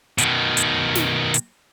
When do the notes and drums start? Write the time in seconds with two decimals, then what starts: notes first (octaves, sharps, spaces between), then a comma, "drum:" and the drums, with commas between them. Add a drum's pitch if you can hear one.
0.18 B2 D#3, drum: hi-hat
0.57 drum: hi-hat
0.95 drum: snare
1.34 drum: hi-hat